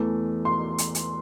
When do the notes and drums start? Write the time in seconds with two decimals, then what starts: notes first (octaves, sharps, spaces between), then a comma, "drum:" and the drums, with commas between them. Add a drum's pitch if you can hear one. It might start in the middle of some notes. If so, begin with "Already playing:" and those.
Already playing: E2 E3 A3
0.45 C6
0.78 drum: hi-hat
0.95 drum: hi-hat